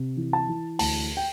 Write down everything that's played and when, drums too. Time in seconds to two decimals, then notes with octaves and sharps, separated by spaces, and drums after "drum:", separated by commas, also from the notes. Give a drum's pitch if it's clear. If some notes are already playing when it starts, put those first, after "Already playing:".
Already playing: C3
0.17 E3
0.33 A5
0.48 E3
0.79 D2 A5, drum: open hi-hat
1.17 G5